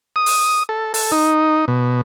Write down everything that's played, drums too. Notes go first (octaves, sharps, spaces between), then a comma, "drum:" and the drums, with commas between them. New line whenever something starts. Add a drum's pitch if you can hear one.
D#6
drum: open hi-hat
A4
A4, drum: open hi-hat
D#4
B2